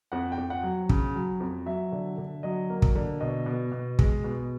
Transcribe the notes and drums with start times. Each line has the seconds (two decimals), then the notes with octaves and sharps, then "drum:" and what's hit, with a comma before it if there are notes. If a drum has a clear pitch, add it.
0.12 F2 F#5
0.32 G5
0.38 F2
0.50 F#5
0.63 F#3
0.89 C#3, drum: kick
1.16 F#3
1.40 F2
1.66 F#3 E5
1.92 D3
2.18 D3
2.43 F#3 D#5
2.70 A#3
2.82 drum: kick
2.95 D3
3.20 B2 D#5
3.46 B2
3.72 B2
3.99 G#3, drum: kick
4.24 B2